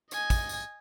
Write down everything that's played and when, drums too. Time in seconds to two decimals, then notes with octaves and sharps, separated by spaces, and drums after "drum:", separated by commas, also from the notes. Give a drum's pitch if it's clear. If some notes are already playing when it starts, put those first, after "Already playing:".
0.11 D#5 G#5, drum: tambourine
0.30 drum: kick, tambourine
0.49 drum: tambourine